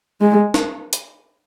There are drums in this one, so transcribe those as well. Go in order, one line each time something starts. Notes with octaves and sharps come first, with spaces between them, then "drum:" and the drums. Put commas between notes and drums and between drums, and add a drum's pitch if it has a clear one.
G#3
drum: snare
drum: hi-hat